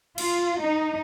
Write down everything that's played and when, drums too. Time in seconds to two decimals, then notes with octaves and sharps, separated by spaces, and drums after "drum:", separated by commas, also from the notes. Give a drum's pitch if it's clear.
0.18 F4, drum: cymbal
0.62 D#4